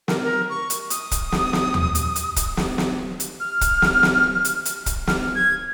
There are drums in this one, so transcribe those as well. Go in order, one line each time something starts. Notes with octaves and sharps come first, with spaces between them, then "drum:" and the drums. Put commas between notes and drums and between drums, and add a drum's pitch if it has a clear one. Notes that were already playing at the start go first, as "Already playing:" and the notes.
A#4, drum: snare
A#4
C#6
drum: hi-hat
D#6, drum: hi-hat
drum: kick, hi-hat
drum: snare
drum: snare
drum: tom D#2
drum: hi-hat
drum: hi-hat
drum: kick, hi-hat
drum: snare
drum: snare
drum: hi-hat
F6
drum: kick, hi-hat
drum: snare
drum: snare
drum: hi-hat
drum: hi-hat
drum: kick, hi-hat
F6, drum: snare
G#6